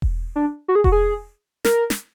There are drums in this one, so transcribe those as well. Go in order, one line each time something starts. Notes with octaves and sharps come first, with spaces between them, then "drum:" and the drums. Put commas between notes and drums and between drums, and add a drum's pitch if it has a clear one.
drum: kick E1
D4
F#4
G#4
F#4, drum: kick E1
G#4
A#4, drum: snare
drum: snare